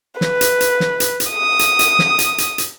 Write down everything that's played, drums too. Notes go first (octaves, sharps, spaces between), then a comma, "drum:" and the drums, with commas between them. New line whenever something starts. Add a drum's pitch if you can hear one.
B4, drum: snare
drum: hi-hat
drum: hi-hat
drum: snare
drum: hi-hat
drum: hi-hat
D#6
drum: hi-hat
drum: hi-hat
drum: snare
drum: hi-hat
drum: hi-hat
drum: hi-hat